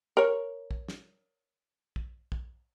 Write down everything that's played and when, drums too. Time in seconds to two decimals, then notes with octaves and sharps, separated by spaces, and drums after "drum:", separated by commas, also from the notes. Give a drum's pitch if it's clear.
0.17 A#4 C#5
0.71 drum: kick
0.89 drum: snare
1.96 drum: kick
2.32 drum: kick